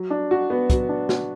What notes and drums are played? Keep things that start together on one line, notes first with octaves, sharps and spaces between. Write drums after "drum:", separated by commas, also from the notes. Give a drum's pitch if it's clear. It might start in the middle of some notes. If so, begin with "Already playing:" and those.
Already playing: F#3
D4
F#4
B3
F#3, drum: kick, hi-hat
D4
F#4, drum: snare